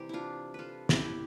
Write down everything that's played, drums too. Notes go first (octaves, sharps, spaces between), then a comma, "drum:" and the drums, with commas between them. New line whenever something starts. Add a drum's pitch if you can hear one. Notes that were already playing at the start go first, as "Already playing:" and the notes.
Already playing: C3 E3 G3 G4
D4 E4 F4
F4 A4 B4
E4 G4, drum: snare